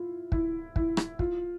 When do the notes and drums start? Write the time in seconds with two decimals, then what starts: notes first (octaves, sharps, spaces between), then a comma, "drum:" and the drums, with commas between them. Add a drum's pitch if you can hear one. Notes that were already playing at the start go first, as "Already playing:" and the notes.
Already playing: E4 F4
0.32 E4, drum: kick
0.76 E4, drum: kick
0.97 drum: rim click
1.19 F4, drum: kick